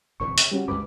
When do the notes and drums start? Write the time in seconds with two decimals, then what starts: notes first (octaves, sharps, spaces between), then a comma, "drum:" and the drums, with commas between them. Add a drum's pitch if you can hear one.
0.20 D1 E2 B2 C#6
0.38 C#3, drum: hi-hat
0.52 G3 C#4 F#4
0.68 C#2 G2 B4 B5 D6